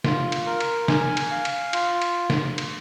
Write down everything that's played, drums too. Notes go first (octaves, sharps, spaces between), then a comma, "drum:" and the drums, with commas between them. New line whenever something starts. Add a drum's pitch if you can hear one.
F4, drum: snare
drum: cymbal
A#4
drum: cymbal
G#5, drum: snare
drum: cymbal
F5
drum: cymbal
F4, drum: cymbal
drum: cymbal
drum: snare
drum: cymbal